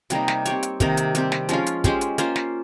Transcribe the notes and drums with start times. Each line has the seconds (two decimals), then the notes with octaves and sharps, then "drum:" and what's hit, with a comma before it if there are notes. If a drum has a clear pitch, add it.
0.10 C3 G3 A#3 D#4, drum: hi-hat
0.28 drum: snare
0.45 C4 G4 C#5, drum: hi-hat
0.63 drum: hi-hat
0.80 C3 D#3 A#3 D#4, drum: kick, hi-hat
0.97 drum: hi-hat
1.15 G3 C4 G4, drum: hi-hat
1.32 drum: snare
1.49 F3 G#3 C#4 F4, drum: hi-hat
1.66 drum: hi-hat
1.84 G#3 C#4 G4 C5, drum: kick, hi-hat
2.01 drum: hi-hat
2.18 A#3 C#4 F4 C5, drum: hi-hat
2.36 drum: snare